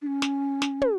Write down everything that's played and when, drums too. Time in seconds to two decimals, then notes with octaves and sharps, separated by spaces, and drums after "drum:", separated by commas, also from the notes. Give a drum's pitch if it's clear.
0.02 D4
0.07 C#4
0.22 drum: snare
0.62 drum: snare
0.82 drum: tom